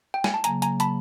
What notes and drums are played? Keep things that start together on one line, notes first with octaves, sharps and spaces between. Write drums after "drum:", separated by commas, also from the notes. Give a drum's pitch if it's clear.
G5
G#5, drum: snare
A5
C#3 F#3 A#3 G#5 A#5, drum: hi-hat
G#5 A#5, drum: hi-hat
A5 B5, drum: hi-hat